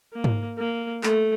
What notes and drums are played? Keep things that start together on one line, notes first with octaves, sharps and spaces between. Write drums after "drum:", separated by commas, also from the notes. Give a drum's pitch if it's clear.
A#3
drum: tom G#2
A#3
A3, drum: clap